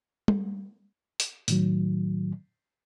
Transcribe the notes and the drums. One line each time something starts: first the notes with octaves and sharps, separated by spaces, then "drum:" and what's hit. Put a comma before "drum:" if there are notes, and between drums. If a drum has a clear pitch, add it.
drum: tom G3
drum: hi-hat
A2 D#3 F#3, drum: hi-hat